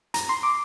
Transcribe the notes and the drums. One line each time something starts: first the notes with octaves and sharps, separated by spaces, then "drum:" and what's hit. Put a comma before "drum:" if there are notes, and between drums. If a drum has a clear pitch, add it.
A#5, drum: hi-hat
C6
D6